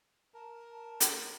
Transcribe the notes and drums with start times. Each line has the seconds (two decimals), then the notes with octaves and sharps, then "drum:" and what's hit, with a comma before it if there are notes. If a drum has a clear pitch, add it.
0.34 A#4 A5
1.00 drum: hi-hat